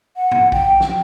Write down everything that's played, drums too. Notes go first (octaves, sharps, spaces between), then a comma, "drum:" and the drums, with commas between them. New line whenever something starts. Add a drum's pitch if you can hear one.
F#5
drum: tom
G5, drum: kick A#1
drum: snare